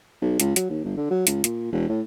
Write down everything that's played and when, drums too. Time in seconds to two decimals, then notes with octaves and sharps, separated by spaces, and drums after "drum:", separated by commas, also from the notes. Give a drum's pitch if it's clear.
0.22 B1
0.40 C#2, drum: hi-hat
0.56 F#3, drum: hi-hat
0.70 D#2
0.84 G1
0.97 D3
1.10 F#3
1.27 C#2, drum: hi-hat
1.44 A#2, drum: hi-hat
1.72 E1
1.89 A2